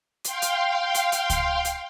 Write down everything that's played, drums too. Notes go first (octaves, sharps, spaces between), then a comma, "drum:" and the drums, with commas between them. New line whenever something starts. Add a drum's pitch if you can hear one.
F5 G5 C6, drum: hi-hat
drum: hi-hat
drum: hi-hat
drum: hi-hat
drum: kick C#2, hi-hat
drum: hi-hat